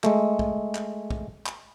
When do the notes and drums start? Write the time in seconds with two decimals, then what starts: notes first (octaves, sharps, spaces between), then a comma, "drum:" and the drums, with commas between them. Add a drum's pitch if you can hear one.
0.04 G#3 A3, drum: clap
0.39 drum: kick
0.75 drum: clap
1.11 drum: kick
1.46 drum: clap